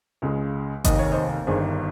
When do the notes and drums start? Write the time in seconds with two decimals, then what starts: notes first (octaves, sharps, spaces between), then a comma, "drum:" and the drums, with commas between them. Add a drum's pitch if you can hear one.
0.22 C#2 C#3 G#3
0.85 F1 D#2 D#3 D#5, drum: kick G1, hi-hat
0.99 C#5
1.12 C5 D#5
1.47 G1 G2 D#3 G#4 C5